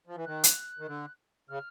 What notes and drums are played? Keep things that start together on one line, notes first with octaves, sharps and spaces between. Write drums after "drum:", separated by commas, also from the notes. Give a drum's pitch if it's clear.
F3
E3
D#3 F#6
drum: hi-hat
D#3
D3
C#3 F6